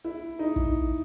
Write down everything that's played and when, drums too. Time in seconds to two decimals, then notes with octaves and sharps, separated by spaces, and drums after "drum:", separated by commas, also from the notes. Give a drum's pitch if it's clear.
0.04 E4
0.39 D#4
0.56 drum: kick